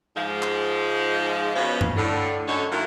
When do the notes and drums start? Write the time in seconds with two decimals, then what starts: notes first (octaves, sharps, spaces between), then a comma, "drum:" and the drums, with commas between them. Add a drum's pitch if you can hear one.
0.16 G#2 F3 G#3
0.42 drum: clap
1.55 B2 F3 C#4
1.81 drum: tom G2
1.96 A2 D3
2.47 F#2 D3 D#4 A4 C#5
2.71 D#3 F#3 A3 A#3 E4 F4